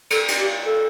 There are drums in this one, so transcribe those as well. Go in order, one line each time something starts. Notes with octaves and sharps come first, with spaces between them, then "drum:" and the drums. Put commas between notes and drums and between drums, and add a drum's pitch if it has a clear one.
A4, drum: cymbal
drum: cymbal
G4
A4